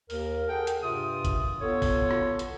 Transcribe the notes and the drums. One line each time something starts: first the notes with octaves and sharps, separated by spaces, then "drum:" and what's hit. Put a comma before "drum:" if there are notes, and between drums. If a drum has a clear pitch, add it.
D#2 A#4, drum: open hi-hat
G#4 A4 F#5 G5
drum: hi-hat
G2 C3 F4 D#6
drum: kick G#1, hi-hat
B3 F4 A4 C#5
drum: kick G#1, open hi-hat
drum: rim click
drum: hi-hat